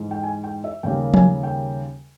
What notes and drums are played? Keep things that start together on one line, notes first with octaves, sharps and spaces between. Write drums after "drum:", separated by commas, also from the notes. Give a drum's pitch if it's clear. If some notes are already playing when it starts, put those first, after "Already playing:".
Already playing: G#2 E3 G#3
G5
G#5
G5
E5
D#2 C#3 G3 A#3 G5
G#5, drum: tom F3
G5